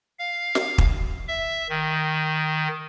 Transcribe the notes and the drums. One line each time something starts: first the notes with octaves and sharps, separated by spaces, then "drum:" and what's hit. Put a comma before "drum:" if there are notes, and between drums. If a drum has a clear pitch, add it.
F5
drum: snare
drum: kick
E5
D#3